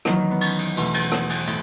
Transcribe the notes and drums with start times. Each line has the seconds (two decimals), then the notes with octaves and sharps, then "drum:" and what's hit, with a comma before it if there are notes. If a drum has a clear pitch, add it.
0.05 E2 D#3 F#3 D#4, drum: rim click
0.31 B3
0.41 C#4, drum: cymbal
0.59 drum: cymbal
0.77 E2 B2 A3, drum: cymbal
0.94 drum: cymbal
1.12 drum: rim click
1.29 drum: cymbal
1.47 A2, drum: cymbal